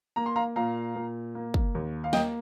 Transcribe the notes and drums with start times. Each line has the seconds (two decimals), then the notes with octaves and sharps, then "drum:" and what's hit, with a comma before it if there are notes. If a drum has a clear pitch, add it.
0.16 A#3 A#5
0.26 C6
0.36 F5 A#5
0.56 A#2 F5 A#5
0.96 A#2
1.35 A#3
1.54 drum: kick
1.75 D#2
2.04 F5
2.13 A#3 D#5 G5, drum: snare